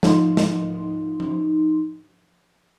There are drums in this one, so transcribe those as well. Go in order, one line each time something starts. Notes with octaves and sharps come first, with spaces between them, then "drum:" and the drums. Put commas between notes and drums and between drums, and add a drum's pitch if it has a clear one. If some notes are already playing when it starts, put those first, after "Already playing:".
F3 D#4 C6, drum: snare
drum: snare
drum: tom F3